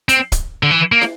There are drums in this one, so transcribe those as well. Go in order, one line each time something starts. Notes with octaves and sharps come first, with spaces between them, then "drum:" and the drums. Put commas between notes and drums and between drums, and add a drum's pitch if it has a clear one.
C4, drum: hi-hat
drum: kick, hi-hat
D3
E3
A#3
drum: snare